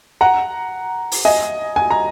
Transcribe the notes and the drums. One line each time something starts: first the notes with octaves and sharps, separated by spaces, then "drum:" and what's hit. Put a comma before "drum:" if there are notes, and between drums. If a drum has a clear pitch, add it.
F#5 A#5
drum: open hi-hat
D#5 G#5
G#5
A#5